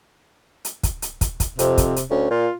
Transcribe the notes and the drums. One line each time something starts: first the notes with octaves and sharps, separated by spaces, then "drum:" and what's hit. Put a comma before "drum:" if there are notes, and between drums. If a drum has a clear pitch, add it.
drum: hi-hat
drum: kick, hi-hat
drum: hi-hat
drum: kick, hi-hat
drum: kick, hi-hat
F2 C3, drum: hi-hat
drum: kick, hi-hat
drum: hi-hat
D2 C#4
A#2 F4